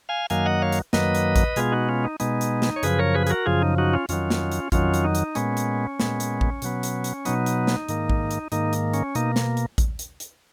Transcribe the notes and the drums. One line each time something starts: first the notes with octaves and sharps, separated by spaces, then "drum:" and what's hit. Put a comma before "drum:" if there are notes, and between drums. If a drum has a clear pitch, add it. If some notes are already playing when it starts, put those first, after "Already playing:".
F5 G#5
F#2 D#3 F#3 A#3 F5 G#5, drum: hi-hat
D#5 F#5
C#5 F5
drum: hi-hat
F#2 D#3 F#3 A#3 B4 D#5, drum: snare
drum: hi-hat
drum: kick A1, hi-hat
B2 G#3 B3 F4 G#4, drum: hi-hat
D#4 F#4
C#4 F4
D#4
B2 G#3 B3 D#4, drum: hi-hat
drum: hi-hat
drum: snare
C#5
F#2 C#3 F3 G#4 B4, drum: hi-hat
A#4 C#5
G#4 B4
G#4, drum: hi-hat
F#4 A#4
F#2 C#3 F3 F4 G#4
D#4
D#4 F#4
C#4 F4
F2 D#3 F#3 C#4 F4, drum: hi-hat
drum: snare
drum: hi-hat
F2 D#3 F#3 C#4 F4, drum: kick A1, hi-hat
drum: hi-hat
D#4
drum: hi-hat
A#2 G#3 B3 C#4, drum: hi-hat
drum: hi-hat
A#2 G#3 B3, drum: snare
drum: hi-hat
drum: kick A1
B2 F#3 B3, drum: hi-hat
drum: hi-hat
drum: hi-hat
B2 F#3 B3 D#4, drum: hi-hat
drum: hi-hat
drum: snare
G#2 D#3 A#3, drum: hi-hat
drum: kick A1
drum: hi-hat
G#2 D#3 A#3 D#4, drum: hi-hat
drum: hi-hat
C#4, drum: hi-hat
B2 A#3 D#4, drum: hi-hat
drum: snare
drum: hi-hat
drum: kick A1, hi-hat
drum: hi-hat
drum: hi-hat